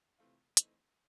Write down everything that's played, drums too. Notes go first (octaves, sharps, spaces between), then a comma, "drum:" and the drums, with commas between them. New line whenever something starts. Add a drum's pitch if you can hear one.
C3 E3 A3 C4 F4
E3 A3 C4 D#4, drum: hi-hat